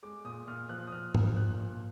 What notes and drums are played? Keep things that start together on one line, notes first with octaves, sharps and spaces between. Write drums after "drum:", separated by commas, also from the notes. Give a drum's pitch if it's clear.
G#3 D6
A#2 D#6
A#2 F6
F3 F#6
D#6
A#2 F6
F3, drum: tom G#2
A#2 F#6
A#2